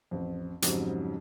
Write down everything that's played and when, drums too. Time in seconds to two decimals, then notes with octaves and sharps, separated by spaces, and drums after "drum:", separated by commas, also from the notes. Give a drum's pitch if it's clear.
0.11 A1 F2
0.62 F2 G#2 C#3 F#3 G3, drum: hi-hat